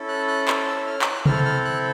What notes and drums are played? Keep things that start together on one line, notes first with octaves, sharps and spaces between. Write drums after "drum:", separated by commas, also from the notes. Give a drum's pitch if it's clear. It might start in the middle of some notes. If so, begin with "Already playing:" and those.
Already playing: C#4 E4 A4
F#6
F#6
drum: clap
E6
F6
G6, drum: clap
F#6
C4 E4 A4 F6, drum: tom C3
F6
F#6